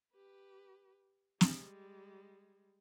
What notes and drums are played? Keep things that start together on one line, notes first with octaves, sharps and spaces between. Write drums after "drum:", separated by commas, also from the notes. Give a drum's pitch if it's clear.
G4 B4
G3 G#3, drum: snare